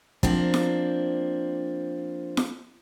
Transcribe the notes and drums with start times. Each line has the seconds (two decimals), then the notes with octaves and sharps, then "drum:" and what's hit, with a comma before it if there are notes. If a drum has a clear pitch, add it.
0.23 F3 A#3 C4 D4, drum: kick
0.54 drum: snare
2.37 drum: snare